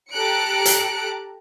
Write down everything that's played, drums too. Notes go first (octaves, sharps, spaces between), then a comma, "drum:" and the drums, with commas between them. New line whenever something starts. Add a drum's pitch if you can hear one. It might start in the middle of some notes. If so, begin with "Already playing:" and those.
G4 A4 A#5 F#6 C#7 D7
drum: hi-hat